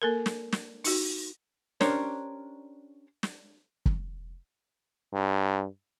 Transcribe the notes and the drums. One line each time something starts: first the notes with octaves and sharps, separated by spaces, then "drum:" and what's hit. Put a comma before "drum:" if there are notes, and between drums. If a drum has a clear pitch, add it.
A#3 A4 A#4
drum: snare
drum: snare
D#4 F#4, drum: open hi-hat
C#4 D4 G4 A#4 C5 C#5, drum: snare
drum: snare
drum: kick
G2